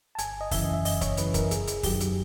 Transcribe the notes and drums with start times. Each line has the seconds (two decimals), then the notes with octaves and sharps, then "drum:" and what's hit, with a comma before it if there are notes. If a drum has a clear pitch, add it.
0.15 A5
0.18 G1 G#5, drum: hi-hat
0.41 D#5
0.51 F#2 C#3 E3 E5, drum: kick, open hi-hat
0.73 E5
0.85 G1 D#5, drum: open hi-hat
1.01 C#5, drum: kick, hi-hat
1.17 F#2 C#3 E3 B4, drum: hi-hat
1.34 A#4, drum: kick, hi-hat
1.51 G1 G#4, drum: hi-hat
1.67 drum: hi-hat
1.83 F#2 D#3 F#3 G4, drum: kick, open hi-hat
2.00 drum: hi-hat